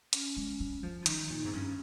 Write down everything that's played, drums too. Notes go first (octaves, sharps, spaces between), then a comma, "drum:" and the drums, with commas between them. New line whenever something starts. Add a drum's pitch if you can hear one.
C#4, drum: hi-hat
G#3
G3
F3
F4
D#3 D#4, drum: hi-hat
A#2
G#2 C4
G2 C#4